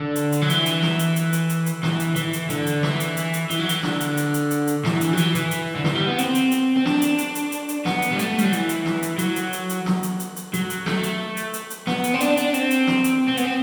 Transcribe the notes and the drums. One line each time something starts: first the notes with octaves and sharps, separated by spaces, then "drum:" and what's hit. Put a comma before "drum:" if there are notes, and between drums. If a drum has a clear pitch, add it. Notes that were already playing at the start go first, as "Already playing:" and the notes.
Already playing: D3
drum: hi-hat
drum: hi-hat
F#3
E3, drum: hi-hat
drum: hi-hat
drum: snare
drum: hi-hat
drum: hi-hat
drum: hi-hat
drum: hi-hat
drum: hi-hat
E3, drum: snare
drum: hi-hat
E3, drum: hi-hat
drum: hi-hat
D3, drum: hi-hat
drum: hi-hat
E3, drum: snare
drum: hi-hat
drum: hi-hat
drum: hi-hat
E3, drum: hi-hat
F#3
E3, drum: hi-hat
D3, drum: snare
drum: hi-hat
drum: hi-hat
drum: hi-hat
drum: hi-hat
drum: hi-hat
E3, drum: snare
drum: hi-hat
F#3
E3, drum: hi-hat
E3, drum: hi-hat
drum: hi-hat
D3
E3, drum: snare
G3
B3
C4, drum: hi-hat
drum: hi-hat
drum: hi-hat
C4
D4, drum: snare
drum: hi-hat
drum: hi-hat
drum: hi-hat
drum: hi-hat
drum: hi-hat
B3, drum: snare
drum: hi-hat
G3
A3, drum: hi-hat
G3, drum: hi-hat
F#3
E3, drum: hi-hat
drum: hi-hat
drum: snare
drum: hi-hat
F#3, drum: hi-hat
drum: hi-hat
drum: hi-hat
drum: hi-hat
drum: snare
drum: hi-hat
drum: hi-hat
drum: hi-hat
F#3, drum: hi-hat
drum: hi-hat
A3, drum: snare
drum: hi-hat
drum: hi-hat
drum: hi-hat
drum: hi-hat
B3, drum: snare
drum: hi-hat
C4
D4, drum: hi-hat
D4, drum: hi-hat
C4, drum: hi-hat
drum: hi-hat
drum: snare
drum: hi-hat
C4
B3, drum: hi-hat
C4